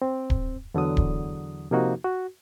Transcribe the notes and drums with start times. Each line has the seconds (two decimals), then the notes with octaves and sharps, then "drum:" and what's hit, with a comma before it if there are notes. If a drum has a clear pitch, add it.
0.02 C4
0.30 drum: kick D1
0.74 E2 D3 F#3 D#6
0.97 drum: kick D1
1.71 C3 F3 A#3 D#4 F#4
2.04 F#4